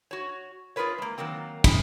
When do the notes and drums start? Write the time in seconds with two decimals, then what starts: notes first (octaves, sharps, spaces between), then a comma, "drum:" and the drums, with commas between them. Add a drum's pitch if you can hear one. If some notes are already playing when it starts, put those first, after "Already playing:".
0.11 F#4 C#5
0.76 F4 G#4 A#4 B4 C#5
0.98 G#3 A#3
1.18 D#3 F#3 A#3 C4
1.64 E3 G#3, drum: kick, cymbal